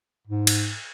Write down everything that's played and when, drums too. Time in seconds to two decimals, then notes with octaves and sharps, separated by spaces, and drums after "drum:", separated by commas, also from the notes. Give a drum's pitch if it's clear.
0.27 G#2
0.47 drum: cymbal